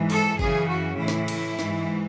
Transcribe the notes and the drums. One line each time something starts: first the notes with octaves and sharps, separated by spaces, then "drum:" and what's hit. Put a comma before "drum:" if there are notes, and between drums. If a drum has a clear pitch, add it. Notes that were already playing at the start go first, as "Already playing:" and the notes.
Already playing: G#2 E3
A4, drum: open hi-hat
F#2 C#3 E3 G#4, drum: kick G1
F#4
A2 E3 E4
drum: snare
drum: cymbal
G#2 E3, drum: snare